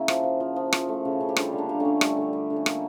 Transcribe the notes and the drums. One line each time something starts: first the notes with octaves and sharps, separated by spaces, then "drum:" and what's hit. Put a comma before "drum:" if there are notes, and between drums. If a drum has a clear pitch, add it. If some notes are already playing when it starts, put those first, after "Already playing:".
Already playing: C#3 A#3 C#4 E4
F3, drum: rim click
F3
F3
F3
F3, drum: rim click
A3
C#3
C#3
G4
G3 D4 F4, drum: rim click
D3
A#3 D4
G3
D3 A3 C#4
G3 A3, drum: rim click
D3
G3
D3
C#4
G3 A#3, drum: rim click